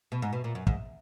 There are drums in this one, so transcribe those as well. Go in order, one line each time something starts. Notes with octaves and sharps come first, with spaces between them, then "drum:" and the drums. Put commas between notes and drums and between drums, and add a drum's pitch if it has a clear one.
B2
G#2
B2
A#2
F#2
G#2, drum: kick